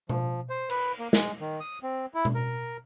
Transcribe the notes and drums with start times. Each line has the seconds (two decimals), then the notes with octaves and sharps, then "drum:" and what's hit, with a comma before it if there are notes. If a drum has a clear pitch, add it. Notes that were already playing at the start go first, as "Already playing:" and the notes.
0.09 F3, drum: tom B2
0.49 C5
0.70 B4, drum: cymbal
0.99 A#3
1.13 G#3, drum: snare
1.40 D#3
1.60 D#6
1.83 C4
2.14 E4
2.25 drum: tom B2
2.35 A#4